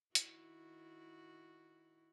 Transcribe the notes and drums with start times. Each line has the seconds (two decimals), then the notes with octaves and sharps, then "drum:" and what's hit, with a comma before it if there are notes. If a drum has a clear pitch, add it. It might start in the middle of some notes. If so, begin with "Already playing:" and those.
0.15 D#3 E4 F#4, drum: hi-hat